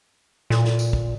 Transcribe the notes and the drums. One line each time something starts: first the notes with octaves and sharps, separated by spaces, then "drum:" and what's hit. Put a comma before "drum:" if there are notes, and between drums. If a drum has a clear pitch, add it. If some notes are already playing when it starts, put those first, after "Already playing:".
A#2, drum: snare
drum: snare
drum: tambourine
drum: kick